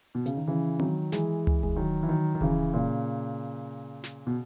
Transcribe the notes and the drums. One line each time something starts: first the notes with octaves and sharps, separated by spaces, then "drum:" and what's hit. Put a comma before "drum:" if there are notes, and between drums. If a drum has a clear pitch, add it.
B2
C#3, drum: hi-hat
D#3
C#3 E3
D#3 F#3, drum: tom C4
E3 G#3, drum: snare
drum: tom C#2
G#3, drum: kick D#1
D#3 F#3
E3
D#3 F#3
D#3
C#3 E3, drum: kick D#1
A#2 C#3
drum: snare
B2